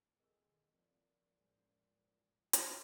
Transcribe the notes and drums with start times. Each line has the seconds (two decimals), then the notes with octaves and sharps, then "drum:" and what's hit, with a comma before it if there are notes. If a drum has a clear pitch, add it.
0.20 G#3 C4 F4 A4 A#4 E6
0.46 B2 D#3
0.74 A#2 F3 G#3 C4
1.39 A2 C#3 F3 G#3 C5
2.53 G3 G5, drum: hi-hat